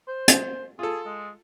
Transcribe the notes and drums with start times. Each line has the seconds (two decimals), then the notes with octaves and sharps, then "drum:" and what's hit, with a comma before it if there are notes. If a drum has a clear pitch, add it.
0.08 C5
0.28 drum: hi-hat
0.79 F4 G#4 A4
1.06 G#3